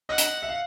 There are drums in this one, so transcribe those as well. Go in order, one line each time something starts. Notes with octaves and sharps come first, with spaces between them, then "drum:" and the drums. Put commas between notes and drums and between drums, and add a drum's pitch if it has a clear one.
D#5 F#5
drum: hi-hat
E5
F5